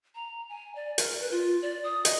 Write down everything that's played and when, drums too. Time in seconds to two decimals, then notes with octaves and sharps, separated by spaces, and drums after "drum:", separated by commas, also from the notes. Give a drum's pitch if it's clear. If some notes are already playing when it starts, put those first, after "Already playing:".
0.15 A#5
0.49 G#5
0.76 D5
0.98 A#4, drum: hi-hat
1.20 B4
1.31 F4
1.62 D5
1.84 D#6
2.05 D#5, drum: hi-hat